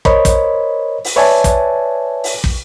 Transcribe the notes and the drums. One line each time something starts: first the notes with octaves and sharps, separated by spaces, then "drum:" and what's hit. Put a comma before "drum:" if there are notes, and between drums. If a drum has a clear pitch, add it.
A#4 C5 C#5 D#5 B5, drum: kick
drum: kick, hi-hat
drum: open hi-hat
B4 C#5 D5 E5 G#5 A5
drum: kick, hi-hat
drum: open hi-hat
drum: kick